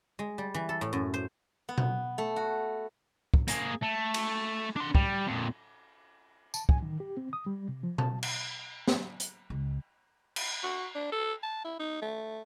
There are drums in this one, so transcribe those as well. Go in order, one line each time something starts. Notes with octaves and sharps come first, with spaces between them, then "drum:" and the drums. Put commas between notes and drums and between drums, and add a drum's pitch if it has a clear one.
G#3
G3
E3
A4
A2
F#2
C5
B3
drum: tom B2
A3
F#4
drum: kick
A#3 G#4, drum: hi-hat
A3
drum: cymbal
D4 C6
G3, drum: kick
F2 A#2
A5, drum: tambourine
G#5, drum: kick
D#3
G4
C4
D#6
G3
C3
F3
A5, drum: tom B2
drum: cymbal
drum: snare
drum: hi-hat
C#2
drum: cymbal
F#4
D4
A4
A5
E4
D#4
A3